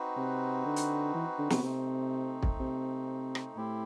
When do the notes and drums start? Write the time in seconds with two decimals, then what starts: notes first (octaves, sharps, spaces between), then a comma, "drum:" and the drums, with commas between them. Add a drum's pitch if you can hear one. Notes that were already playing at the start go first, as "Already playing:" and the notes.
Already playing: C4 D#4 F#4 B4
0.17 C3
0.66 D3
0.76 drum: hi-hat
1.14 E3
1.39 D3
1.50 C3, drum: snare
1.62 C3 A3 C4 D#4
2.42 drum: kick
2.60 C3
3.35 drum: rim click
3.57 A2 C4 E4 G4